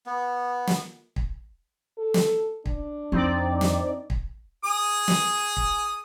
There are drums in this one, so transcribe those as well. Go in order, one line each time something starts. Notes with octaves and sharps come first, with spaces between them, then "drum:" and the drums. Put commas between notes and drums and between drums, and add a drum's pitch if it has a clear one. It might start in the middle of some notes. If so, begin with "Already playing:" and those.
B3
drum: snare
drum: kick
A4
drum: snare
D4, drum: kick
F2 C4 D#4 D5
drum: snare
drum: kick
G#4 D#6
drum: snare
drum: kick